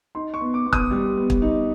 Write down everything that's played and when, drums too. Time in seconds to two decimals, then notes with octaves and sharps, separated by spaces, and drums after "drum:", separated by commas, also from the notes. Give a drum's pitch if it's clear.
0.15 D#4 C6
0.34 C#6
0.41 B3
0.54 D6
0.66 B3
0.73 D#6, drum: kick
0.91 G3
1.17 B3
1.30 drum: kick
1.42 D#4